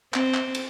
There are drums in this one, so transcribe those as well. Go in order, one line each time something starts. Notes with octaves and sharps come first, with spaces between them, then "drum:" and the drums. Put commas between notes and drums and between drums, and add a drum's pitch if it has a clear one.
C4, drum: clap
drum: clap
drum: cymbal